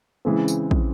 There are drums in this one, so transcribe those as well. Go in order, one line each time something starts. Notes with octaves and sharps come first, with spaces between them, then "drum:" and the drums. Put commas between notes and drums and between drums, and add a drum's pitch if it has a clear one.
C#3 E3 G#3 C4
drum: tambourine
drum: kick